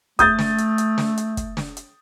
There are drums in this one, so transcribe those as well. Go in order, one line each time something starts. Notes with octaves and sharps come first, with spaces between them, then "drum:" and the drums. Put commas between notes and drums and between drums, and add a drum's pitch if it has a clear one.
A3 D#6 G6 A6, drum: kick, hi-hat
drum: snare
drum: hi-hat
drum: hi-hat
drum: snare
drum: hi-hat
drum: kick, hi-hat
drum: snare
drum: hi-hat